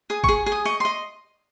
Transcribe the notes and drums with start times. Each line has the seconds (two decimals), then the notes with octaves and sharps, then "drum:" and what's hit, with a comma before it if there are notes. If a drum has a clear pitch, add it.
0.10 G#4 D#6
0.24 C#6, drum: kick G1
0.28 G#4
0.46 G#4
0.52 D#6
0.65 D#5 C#6
0.80 D#5 C6